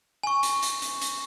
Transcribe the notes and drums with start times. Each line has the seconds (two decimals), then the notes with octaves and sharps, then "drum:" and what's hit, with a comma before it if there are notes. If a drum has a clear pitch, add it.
0.23 G#5 C#6
0.43 drum: hi-hat
0.62 drum: hi-hat
0.82 drum: hi-hat
1.01 drum: hi-hat